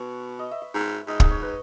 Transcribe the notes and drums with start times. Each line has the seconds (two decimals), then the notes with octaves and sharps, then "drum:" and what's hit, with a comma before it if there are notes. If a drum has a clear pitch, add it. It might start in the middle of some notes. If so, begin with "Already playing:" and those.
Already playing: B2 B4 C#5
0.39 D#5
0.51 E5
0.62 E5
0.74 G#2
1.07 G#2 D#5
1.20 D#5, drum: kick
1.31 C#5
1.42 B4